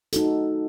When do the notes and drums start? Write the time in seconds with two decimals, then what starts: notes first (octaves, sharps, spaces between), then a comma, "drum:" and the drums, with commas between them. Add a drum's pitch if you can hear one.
0.13 A3 D#4 F#4 A4, drum: hi-hat